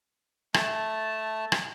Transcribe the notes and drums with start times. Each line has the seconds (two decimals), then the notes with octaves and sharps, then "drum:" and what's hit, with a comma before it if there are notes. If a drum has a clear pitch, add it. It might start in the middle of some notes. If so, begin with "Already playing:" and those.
0.54 A3 A5, drum: rim click
1.52 drum: rim click